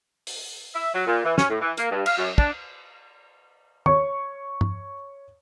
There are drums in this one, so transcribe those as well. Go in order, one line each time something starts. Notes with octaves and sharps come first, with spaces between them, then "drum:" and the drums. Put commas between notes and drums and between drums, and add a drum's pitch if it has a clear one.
drum: open hi-hat
E5
F#3
A#2
E3
C#4, drum: snare
A2
E3
A#3, drum: hi-hat
G2
F5, drum: cymbal
F#2
D4, drum: kick
C#5 C#6, drum: tom
drum: tom G2